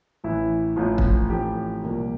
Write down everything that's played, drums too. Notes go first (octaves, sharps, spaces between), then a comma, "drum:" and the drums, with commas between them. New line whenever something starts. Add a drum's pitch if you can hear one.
A1 A2 E3 E4
A1 A2 F3 F4
drum: kick
A1 A2 F3 A3 C4 G4
C2 A#2 F3 A#3